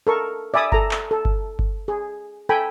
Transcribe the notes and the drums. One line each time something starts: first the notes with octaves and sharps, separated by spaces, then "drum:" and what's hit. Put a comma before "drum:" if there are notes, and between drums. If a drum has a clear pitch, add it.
A4 A#4 C#6
D5 E5 G#5 B5 D#6
A4 A#5, drum: kick G1
drum: clap
A4
drum: kick G1
drum: kick G1
G#4
A4 G5 G#5 B5